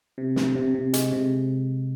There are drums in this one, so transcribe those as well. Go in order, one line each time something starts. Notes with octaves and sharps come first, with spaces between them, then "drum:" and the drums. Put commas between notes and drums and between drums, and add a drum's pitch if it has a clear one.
C3
C3, drum: snare
C3
C3
G#3, drum: hi-hat
C3